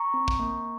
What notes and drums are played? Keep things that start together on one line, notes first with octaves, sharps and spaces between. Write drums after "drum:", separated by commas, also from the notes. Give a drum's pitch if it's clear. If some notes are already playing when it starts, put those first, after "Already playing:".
Already playing: A#5 C#6
C4
drum: kick
A#3